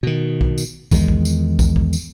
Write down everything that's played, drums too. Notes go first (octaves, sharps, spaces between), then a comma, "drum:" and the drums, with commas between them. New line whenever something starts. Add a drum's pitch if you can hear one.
B2 D#3
drum: kick
drum: tambourine
E2 D#3 G#3, drum: kick, tambourine
drum: kick
drum: tambourine
drum: kick, tambourine
drum: kick
drum: tambourine